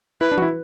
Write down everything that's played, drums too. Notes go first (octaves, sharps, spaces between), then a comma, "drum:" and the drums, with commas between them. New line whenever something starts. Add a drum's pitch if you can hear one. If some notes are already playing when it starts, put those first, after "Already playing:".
E4 B4
D4
F#4, drum: tom E3
E4